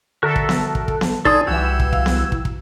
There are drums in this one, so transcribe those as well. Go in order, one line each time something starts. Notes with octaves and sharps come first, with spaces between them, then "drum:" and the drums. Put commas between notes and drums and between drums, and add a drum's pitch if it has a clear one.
D3 F#4 A4 A#4 E5
drum: kick
drum: snare B3
drum: kick
drum: kick
drum: snare B3
D#4 A4 C5 D5 G#5 D#6, drum: kick
C2 E3 F#4 G4 F#5 E6 G#6
drum: kick
F5, drum: kick
drum: snare B3
drum: kick
drum: kick